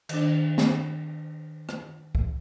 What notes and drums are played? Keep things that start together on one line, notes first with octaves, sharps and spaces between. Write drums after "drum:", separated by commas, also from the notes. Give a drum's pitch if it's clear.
D#3 D4, drum: cymbal
drum: snare
drum: rim click
drum: kick